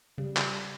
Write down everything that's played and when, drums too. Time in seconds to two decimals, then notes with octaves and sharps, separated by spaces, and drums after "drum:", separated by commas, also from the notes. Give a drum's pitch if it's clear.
0.18 C#3 G3
0.37 drum: clap